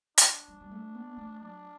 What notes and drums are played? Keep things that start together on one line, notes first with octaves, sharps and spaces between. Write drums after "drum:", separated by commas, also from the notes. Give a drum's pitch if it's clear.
D4, drum: hi-hat
G3
G3
A3
B3
A3
F#3 D4